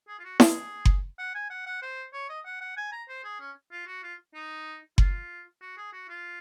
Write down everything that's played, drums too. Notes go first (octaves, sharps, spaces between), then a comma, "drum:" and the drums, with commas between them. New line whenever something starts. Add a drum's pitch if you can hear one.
G#4
F4
F#4
G#4, drum: snare E4
drum: kick F#1
F#5
G#5
F#5
F#5
C5
C#5
D#5
F#5
F#5
G#5
A#5
C5
G#4
C#4
F4
F#4
F4
D#4
F4, drum: kick F#1
F#4
G#4
F#4
F4